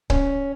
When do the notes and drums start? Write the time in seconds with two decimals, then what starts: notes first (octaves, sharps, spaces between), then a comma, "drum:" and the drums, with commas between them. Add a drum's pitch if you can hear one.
0.10 C#4, drum: kick C#1